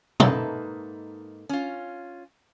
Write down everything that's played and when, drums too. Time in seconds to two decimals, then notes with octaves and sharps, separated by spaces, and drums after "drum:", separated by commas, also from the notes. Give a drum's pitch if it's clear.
0.20 G#2 A#3 D#4 A4 B4 E5, drum: tom B2
1.49 C#4 F4